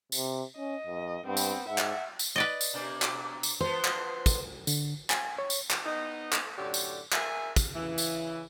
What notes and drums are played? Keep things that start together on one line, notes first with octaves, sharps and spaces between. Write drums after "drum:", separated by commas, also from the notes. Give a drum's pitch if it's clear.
C3, drum: tambourine
C#4 D#5
F2
G2 B3 C4
drum: tambourine
G#2 E5 F#5
drum: clap
drum: tambourine
B4 D5 D#5
drum: tambourine
B2 A#3 D4
drum: clap
drum: tambourine
F3 B3 C5
drum: clap
drum: kick, tambourine
D3, drum: tambourine
G#5, drum: clap
C#5
drum: tambourine
drum: clap
B3 D#4 D#5
drum: clap
F#2 A2 D3 G4 C#5 D5
drum: tambourine
G#4 A#4 E5 G#5, drum: clap
drum: kick, tambourine
C#3 E3
drum: tambourine